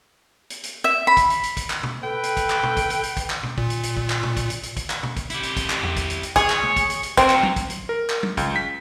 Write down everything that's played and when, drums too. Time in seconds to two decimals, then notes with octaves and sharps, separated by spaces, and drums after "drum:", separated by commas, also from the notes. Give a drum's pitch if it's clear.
0.50 drum: hi-hat
0.64 drum: hi-hat
0.84 E5
1.07 B5
1.17 drum: kick, hi-hat
1.30 drum: hi-hat
1.43 drum: hi-hat
1.57 drum: kick, hi-hat
1.70 drum: clap
1.83 drum: tom
2.03 A4 B4 G5
2.23 drum: hi-hat
2.37 drum: kick, hi-hat
2.50 drum: clap
2.63 drum: tom
2.77 drum: kick, hi-hat
2.90 drum: hi-hat
3.03 drum: hi-hat
3.17 drum: kick, hi-hat
3.30 drum: clap
3.43 drum: tom
3.58 A#2, drum: kick
3.70 drum: hi-hat
3.83 drum: hi-hat
3.97 drum: kick
4.10 drum: clap
4.23 drum: tom
4.37 drum: kick, hi-hat
4.50 drum: hi-hat
4.63 drum: hi-hat
4.77 drum: kick, hi-hat
4.90 drum: clap
5.03 drum: tom
5.17 drum: kick, hi-hat
5.30 E4 G4, drum: hi-hat
5.43 drum: hi-hat
5.57 drum: kick, hi-hat
5.70 drum: clap
5.83 drum: tom E2
5.97 drum: kick, hi-hat
6.10 drum: hi-hat
6.23 drum: hi-hat
6.36 G#4 C#5, drum: kick, hi-hat
6.50 drum: clap
6.63 drum: tom
6.76 drum: kick, hi-hat
6.90 drum: hi-hat
7.03 drum: hi-hat
7.17 C4 F#4 A#4, drum: kick, hi-hat
7.30 drum: clap
7.43 drum: tom
7.56 drum: kick, hi-hat
7.70 drum: hi-hat
7.89 A#4
8.10 drum: clap
8.23 drum: tom
8.37 C#2, drum: kick, hi-hat
8.56 B6